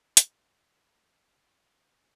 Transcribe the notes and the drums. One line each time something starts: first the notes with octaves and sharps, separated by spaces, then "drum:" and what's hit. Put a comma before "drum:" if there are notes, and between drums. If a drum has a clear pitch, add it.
G#2 G4 D5 B5 C6, drum: hi-hat